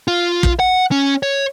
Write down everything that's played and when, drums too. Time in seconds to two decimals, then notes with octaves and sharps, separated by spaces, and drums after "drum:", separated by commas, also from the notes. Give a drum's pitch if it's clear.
0.08 F4
0.43 drum: kick
0.60 F#5
0.91 C#4
1.23 C#5